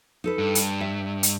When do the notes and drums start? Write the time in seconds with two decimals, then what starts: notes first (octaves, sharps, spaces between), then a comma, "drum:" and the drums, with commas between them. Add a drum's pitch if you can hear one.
0.24 D#4 A4 B4
0.38 G2
0.55 drum: hi-hat
0.81 E5
1.23 drum: hi-hat